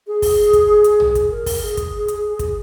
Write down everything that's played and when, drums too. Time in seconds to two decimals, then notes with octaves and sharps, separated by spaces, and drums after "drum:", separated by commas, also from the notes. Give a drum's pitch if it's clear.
0.07 G#4
0.22 drum: kick, open hi-hat
0.53 drum: kick, hi-hat
0.84 drum: hi-hat
1.00 drum: tom B1
1.15 drum: kick, hi-hat
1.31 A#4
1.46 drum: kick, open hi-hat
1.62 G#4
1.77 drum: kick, hi-hat
2.08 drum: hi-hat
2.39 drum: kick, hi-hat